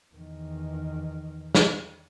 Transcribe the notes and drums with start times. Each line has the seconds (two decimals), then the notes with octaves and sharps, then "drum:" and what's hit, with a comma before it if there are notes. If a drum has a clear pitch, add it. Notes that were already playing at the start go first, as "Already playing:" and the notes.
0.15 E2 D#3
1.55 drum: snare